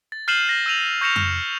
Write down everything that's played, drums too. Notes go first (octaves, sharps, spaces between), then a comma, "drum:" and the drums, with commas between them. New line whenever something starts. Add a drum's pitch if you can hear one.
A6
F6 G6 C7 D#7 E7 F#7
G6 A#6
E6 G6 D#7 F7 F#7
C#6 G6 A#6 C#7 E7 F7
F6, drum: tom F2